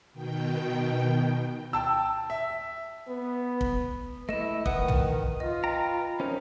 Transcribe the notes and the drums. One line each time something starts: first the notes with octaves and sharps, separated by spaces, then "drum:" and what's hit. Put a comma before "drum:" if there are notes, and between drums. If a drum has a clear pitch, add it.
B2 D#3 G5
G5 A5 E6
E5
B3
drum: kick
A3 E4 D#5 E7
D#3 B4 F#5 D#6, drum: kick
drum: tom
F4 D#5
B4 G5 A#5
C#4 D#4 A#4 C5